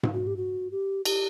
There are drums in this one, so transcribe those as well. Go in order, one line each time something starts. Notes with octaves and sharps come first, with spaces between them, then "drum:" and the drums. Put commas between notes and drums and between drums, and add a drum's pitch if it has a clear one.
drum: tom G#2
F#4
G4
F#4
G4
G4, drum: cymbal